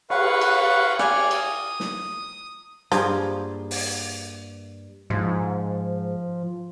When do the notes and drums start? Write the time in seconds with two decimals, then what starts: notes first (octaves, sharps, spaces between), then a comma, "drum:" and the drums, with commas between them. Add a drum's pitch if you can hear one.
0.10 B4 F5 F#5 C#6, drum: cymbal
0.41 drum: cymbal
0.99 D5 G#5 F6, drum: rim click
1.31 D#6, drum: cymbal
1.80 drum: snare
2.92 G2 F3 A#3 G#4, drum: hi-hat
3.71 drum: open hi-hat
5.10 G#2 F3, drum: tom